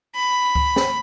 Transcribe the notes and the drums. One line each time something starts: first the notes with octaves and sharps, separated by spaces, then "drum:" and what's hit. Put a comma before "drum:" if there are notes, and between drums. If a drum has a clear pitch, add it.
B5
drum: kick C#2
drum: snare